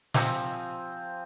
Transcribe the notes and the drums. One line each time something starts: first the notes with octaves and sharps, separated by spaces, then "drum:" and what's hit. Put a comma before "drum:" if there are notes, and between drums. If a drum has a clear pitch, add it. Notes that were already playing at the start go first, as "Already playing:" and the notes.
F3 C4 C5 G#5, drum: snare